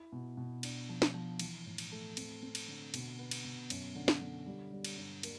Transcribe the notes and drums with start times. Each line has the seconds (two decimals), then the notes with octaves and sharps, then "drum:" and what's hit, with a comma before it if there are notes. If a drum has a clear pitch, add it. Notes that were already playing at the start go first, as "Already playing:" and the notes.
Already playing: E4
0.12 B2
0.37 B2
0.63 D4, drum: cymbal
0.89 F3
1.02 drum: snare
1.14 F3
1.39 E3, drum: cymbal
1.66 A2
1.78 drum: cymbal
1.92 A3
2.17 C4, drum: cymbal
2.42 C4
2.55 drum: cymbal
2.68 D3
2.94 B2, drum: cymbal
3.18 B3
3.31 drum: cymbal
3.44 B2
3.70 F#2, drum: cymbal
3.95 D3
4.08 drum: snare
4.21 D3
4.46 G3
4.72 G3
4.85 drum: cymbal
4.97 G2
5.23 A#3, drum: cymbal